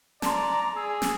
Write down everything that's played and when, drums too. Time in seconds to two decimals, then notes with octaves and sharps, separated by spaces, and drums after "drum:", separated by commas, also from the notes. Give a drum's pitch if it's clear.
0.22 D5 A5 A#5 C6, drum: snare
0.76 G#4 E6
1.02 drum: snare